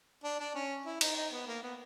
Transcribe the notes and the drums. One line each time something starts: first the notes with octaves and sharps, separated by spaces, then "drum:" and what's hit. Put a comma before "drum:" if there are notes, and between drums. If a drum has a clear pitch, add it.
D4
D4
C#4
E4
D#4, drum: cymbal
D#4
B3
A#3
B3